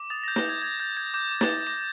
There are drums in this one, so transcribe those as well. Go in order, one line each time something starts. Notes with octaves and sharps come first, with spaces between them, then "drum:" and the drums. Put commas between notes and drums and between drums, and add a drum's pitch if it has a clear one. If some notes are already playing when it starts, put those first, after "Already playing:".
Already playing: D6
D#6 A6
A#6
G6
A#6, drum: snare
G6 G#6
G6 G#6
G6 A6
G6 G#6
D6 G6
D6
A6, drum: snare
D6
D6 A#6